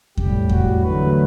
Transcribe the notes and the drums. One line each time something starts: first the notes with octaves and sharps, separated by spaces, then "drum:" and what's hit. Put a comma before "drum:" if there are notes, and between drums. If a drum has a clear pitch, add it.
A2 G3 G4, drum: kick E2
F#4, drum: kick E2
E2 D3 F#3 A3 B4